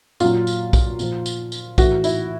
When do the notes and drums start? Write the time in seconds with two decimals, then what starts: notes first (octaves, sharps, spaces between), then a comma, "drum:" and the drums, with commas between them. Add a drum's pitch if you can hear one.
0.20 A#2 F#3 F4, drum: tambourine
0.47 drum: tambourine
0.73 drum: kick, tambourine
0.99 A#2 F3, drum: tambourine
1.26 drum: tambourine
1.52 drum: tambourine
1.78 A2 E3 F#4, drum: kick, tambourine
2.04 E4, drum: tambourine